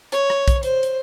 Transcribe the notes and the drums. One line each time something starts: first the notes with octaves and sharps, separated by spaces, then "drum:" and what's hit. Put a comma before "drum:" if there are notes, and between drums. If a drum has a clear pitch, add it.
C#5, drum: hi-hat
drum: rim click
drum: kick B1, hi-hat
C5, drum: hi-hat
drum: hi-hat